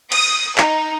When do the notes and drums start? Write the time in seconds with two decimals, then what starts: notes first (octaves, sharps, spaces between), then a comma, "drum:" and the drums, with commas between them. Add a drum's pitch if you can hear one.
0.12 D#6, drum: cymbal
0.58 D#4, drum: clap